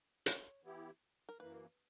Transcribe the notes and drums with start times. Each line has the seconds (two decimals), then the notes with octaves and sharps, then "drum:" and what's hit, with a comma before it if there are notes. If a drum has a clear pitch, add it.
0.26 C#5, drum: hi-hat
0.64 E3 B3 E4 G4
1.29 A#4
1.39 F#2 E3 A#3 B4